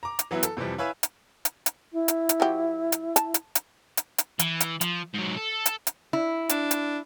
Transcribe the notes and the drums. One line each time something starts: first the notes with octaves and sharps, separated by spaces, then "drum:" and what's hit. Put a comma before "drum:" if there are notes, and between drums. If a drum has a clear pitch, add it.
A#5 D6
drum: hi-hat
E3 F#3 B3 E4
A4, drum: hi-hat
F2 C3 E3 F3 G3
E4 B4 C#5 F5 G#5 E6
drum: hi-hat
drum: hi-hat
drum: hi-hat
E4
drum: hi-hat
drum: hi-hat
F3 F#4 G4
drum: hi-hat
A5, drum: hi-hat
drum: hi-hat
drum: hi-hat
drum: hi-hat
drum: hi-hat
E3, drum: hi-hat
drum: hi-hat
F3, drum: hi-hat
G#2 F#3
A4
drum: hi-hat
drum: hi-hat
E4
D4, drum: hi-hat
drum: hi-hat